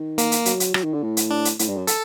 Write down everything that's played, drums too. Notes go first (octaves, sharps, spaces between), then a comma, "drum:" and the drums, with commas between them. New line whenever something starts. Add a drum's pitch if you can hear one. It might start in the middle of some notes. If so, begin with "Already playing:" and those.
Already playing: D#3
A#3, drum: hi-hat
drum: hi-hat
F#3, drum: hi-hat
drum: hi-hat
F#3, drum: rim click
D#3
D3
A2
drum: hi-hat
D4
drum: hi-hat
A2, drum: hi-hat
G2
F#2
A4, drum: hi-hat